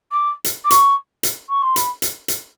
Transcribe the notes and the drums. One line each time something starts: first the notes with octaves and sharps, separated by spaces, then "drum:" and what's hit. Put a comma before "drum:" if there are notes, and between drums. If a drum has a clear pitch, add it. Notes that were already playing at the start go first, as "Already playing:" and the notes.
D6
drum: hi-hat
D6
C#6, drum: hi-hat
drum: hi-hat
C#6
C6
B5, drum: hi-hat
drum: hi-hat
drum: hi-hat